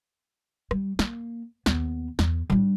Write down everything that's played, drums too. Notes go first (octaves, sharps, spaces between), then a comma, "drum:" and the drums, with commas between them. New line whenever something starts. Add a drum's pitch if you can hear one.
G3, drum: rim click
A#3, drum: snare
D#2 B3, drum: snare
E2, drum: snare
G3 D4, drum: tom